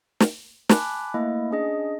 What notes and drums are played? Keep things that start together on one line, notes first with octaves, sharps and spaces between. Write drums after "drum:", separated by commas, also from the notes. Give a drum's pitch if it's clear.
drum: snare
G#5 A5 B5 D6 F#6, drum: snare
A3 A#3 E4 D#5
C#4 D4 G#4 D#5